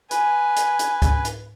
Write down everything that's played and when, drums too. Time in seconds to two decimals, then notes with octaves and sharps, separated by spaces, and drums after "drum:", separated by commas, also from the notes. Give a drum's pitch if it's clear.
0.11 B4 G#5, drum: hi-hat
0.56 drum: hi-hat
0.79 drum: hi-hat
1.02 drum: kick, hi-hat
1.25 drum: hi-hat